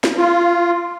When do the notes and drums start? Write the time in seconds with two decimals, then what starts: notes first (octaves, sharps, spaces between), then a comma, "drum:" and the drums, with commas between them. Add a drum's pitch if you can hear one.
0.04 drum: snare
0.18 F4